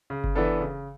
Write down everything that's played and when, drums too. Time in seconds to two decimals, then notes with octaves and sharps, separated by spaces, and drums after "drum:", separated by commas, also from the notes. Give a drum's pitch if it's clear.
0.10 C#3
0.24 drum: kick F#1
0.35 E3 B3 D4 A4
0.60 C#3